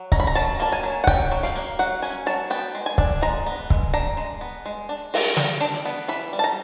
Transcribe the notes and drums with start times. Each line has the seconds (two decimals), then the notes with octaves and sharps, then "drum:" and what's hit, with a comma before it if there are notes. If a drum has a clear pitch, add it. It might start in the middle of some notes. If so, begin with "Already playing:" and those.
Already playing: F#3
0.12 C#4 A#5, drum: kick C#1
0.20 B5
0.27 A#5
0.35 F#3 A5
0.60 A#3 A5
0.72 G#5
0.83 F#3
1.04 F#5
1.07 C#4 G5, drum: kick C#1
1.32 F#3
1.43 F5, drum: hi-hat
1.55 A#3
1.79 F#3 F#5
2.02 C#4 G#5
2.26 F#3 A5
2.50 B3 G5
2.75 G#3
2.86 G#5
2.98 D4, drum: kick C#1
3.22 G#3 A#5
3.46 B3
3.70 G#3, drum: kick C#1
3.94 D4 A#5
4.17 G#3
4.41 B3
4.66 G#3
4.89 D4
5.14 G#3, drum: open hi-hat
5.37 G3, drum: snare
5.61 D4
5.74 drum: hi-hat
5.85 B3
6.08 E3 B5
6.33 G3
6.39 A5
6.44 A#5